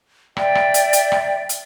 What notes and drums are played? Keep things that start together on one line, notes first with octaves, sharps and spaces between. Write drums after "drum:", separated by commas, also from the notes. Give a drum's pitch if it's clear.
D5 E5 G5, drum: rim click
drum: rim click
drum: hi-hat
drum: hi-hat
drum: rim click
drum: hi-hat